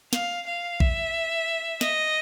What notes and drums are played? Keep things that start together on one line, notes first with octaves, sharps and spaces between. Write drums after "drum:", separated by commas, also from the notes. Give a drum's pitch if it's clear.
F5, drum: snare
F5
E5, drum: kick A#1
D#5, drum: snare